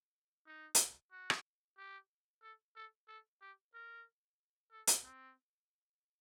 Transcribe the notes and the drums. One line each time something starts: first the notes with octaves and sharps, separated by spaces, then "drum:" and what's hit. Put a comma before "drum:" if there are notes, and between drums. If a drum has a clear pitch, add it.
D#4
drum: hi-hat
F#4
drum: rim click
G4
A4
A4
A4
G4
A#4
A4
drum: hi-hat
C4